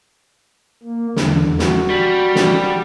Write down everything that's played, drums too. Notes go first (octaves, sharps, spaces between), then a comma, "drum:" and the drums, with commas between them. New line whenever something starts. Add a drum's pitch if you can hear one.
A#3
E2 D3, drum: snare
F#4, drum: snare
G3
drum: snare